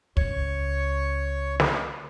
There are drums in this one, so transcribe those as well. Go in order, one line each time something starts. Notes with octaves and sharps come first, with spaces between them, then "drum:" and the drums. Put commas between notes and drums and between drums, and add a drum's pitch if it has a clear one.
C#2 C#3 C#5 C#6, drum: kick
drum: snare